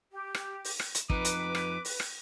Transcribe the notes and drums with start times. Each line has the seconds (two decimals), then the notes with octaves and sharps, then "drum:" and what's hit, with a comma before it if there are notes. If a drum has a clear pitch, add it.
0.11 G4
0.34 drum: rim click
0.65 drum: open hi-hat
0.80 drum: rim click
0.95 drum: hi-hat
1.10 F2 D#4 B4 D6, drum: kick
1.25 drum: hi-hat
1.55 drum: rim click
1.85 drum: open hi-hat
2.00 drum: rim click